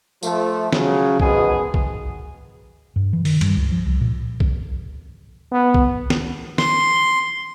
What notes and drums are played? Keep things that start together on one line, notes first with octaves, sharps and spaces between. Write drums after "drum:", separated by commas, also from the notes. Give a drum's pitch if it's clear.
F3 A3, drum: tambourine
C#3 F#3, drum: snare
G#1 B2 D#3 B3 G#4, drum: kick A#1
drum: kick A#1
G2
E3
D#3, drum: open hi-hat
G2, drum: cymbal
C#2
F3
C2
A#2
drum: kick A#1
B3
drum: kick A#1
drum: snare
C6, drum: snare